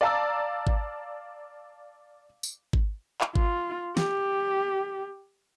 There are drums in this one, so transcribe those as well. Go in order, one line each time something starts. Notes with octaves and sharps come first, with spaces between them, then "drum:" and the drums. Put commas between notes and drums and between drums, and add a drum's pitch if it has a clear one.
D5 F5 A5 A#5 E6
drum: kick G#1
drum: tambourine
drum: kick G#1
drum: clap
F4, drum: kick G#1
G4, drum: snare